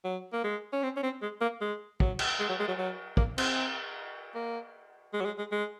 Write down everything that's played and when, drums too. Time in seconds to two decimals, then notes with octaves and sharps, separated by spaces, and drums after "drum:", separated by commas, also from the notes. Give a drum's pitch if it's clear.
0.05 F#3
0.33 A#3
0.44 G#3
0.73 C#4
0.83 C4
0.97 C#4
1.03 C4
1.22 G#3
1.41 A#3
1.61 G#3
2.00 F#3, drum: kick
2.19 drum: cymbal
2.40 G#3
2.49 F#3
2.60 G#3
2.68 F#3
2.78 F#3
3.17 A#3, drum: kick
3.38 C4, drum: cymbal
4.35 A#3
5.14 G#3
5.21 F#3
5.26 G#3
5.39 G#3
5.52 G#3